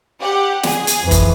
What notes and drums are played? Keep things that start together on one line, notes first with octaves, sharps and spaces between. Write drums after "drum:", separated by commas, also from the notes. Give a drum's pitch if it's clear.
G4 F#5
G#4, drum: snare
drum: hi-hat
F2 E3
drum: kick F1, hi-hat